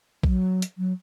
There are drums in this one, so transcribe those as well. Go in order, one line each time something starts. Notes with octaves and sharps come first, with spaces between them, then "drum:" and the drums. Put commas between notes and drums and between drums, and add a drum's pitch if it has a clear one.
F#3, drum: kick A#1
drum: hi-hat
F#3